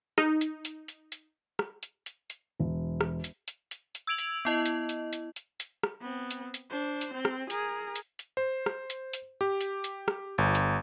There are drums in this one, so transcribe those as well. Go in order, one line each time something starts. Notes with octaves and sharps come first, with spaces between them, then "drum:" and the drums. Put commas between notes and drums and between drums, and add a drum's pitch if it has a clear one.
D#4, drum: rim click
drum: hi-hat
drum: hi-hat
drum: hi-hat
drum: hi-hat
drum: rim click
drum: hi-hat
drum: hi-hat
drum: hi-hat
E1
drum: rim click
drum: hi-hat
drum: hi-hat
drum: hi-hat
drum: hi-hat
E6 G#6 D7 F7 F#7
drum: hi-hat
B3 E4 D#5
drum: hi-hat
drum: hi-hat
drum: hi-hat
drum: hi-hat
drum: hi-hat
drum: rim click
B3 C4
drum: hi-hat
drum: hi-hat
D4 C5
drum: hi-hat
C4
drum: rim click
G#4 A#4, drum: hi-hat
drum: hi-hat
drum: hi-hat
C5
drum: rim click
drum: hi-hat
drum: hi-hat
G4
drum: hi-hat
drum: hi-hat
drum: rim click
G1
drum: hi-hat